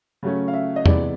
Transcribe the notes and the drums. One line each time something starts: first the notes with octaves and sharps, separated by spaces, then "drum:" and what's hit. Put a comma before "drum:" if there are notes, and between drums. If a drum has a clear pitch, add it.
C#3 F#3 A3 C#4
F5
E5
D#5
C3 E3 G#3 B3 D5, drum: tom E2